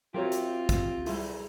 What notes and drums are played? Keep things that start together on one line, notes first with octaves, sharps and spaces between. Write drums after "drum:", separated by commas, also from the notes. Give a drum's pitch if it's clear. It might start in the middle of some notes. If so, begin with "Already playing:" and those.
F#3 C4 F4 G4 A#4 C#5
drum: hi-hat
drum: kick, hi-hat
B1 G3 E4 G#4 C6, drum: open hi-hat